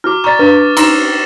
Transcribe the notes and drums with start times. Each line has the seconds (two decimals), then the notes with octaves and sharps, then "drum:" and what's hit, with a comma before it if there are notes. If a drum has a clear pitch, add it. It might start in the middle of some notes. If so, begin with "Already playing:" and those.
0.04 E4 F#4 D6 F6
0.24 D5 A#5 C#6 A6
0.39 D4 B4
0.77 D#4 A#5 E6 A#6 E7, drum: cymbal